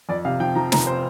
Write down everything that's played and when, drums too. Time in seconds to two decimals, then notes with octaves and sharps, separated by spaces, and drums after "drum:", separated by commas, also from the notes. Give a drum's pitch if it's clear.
0.09 F2 D5
0.25 C3 F5
0.40 F3 G5
0.55 F3 A#5
0.72 F1 A#5, drum: snare
0.87 C5